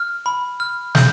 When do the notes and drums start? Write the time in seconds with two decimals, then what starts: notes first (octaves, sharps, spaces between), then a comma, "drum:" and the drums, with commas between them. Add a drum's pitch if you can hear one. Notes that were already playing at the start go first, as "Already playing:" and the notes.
Already playing: F6
0.26 B5
0.60 F6
0.95 G6, drum: snare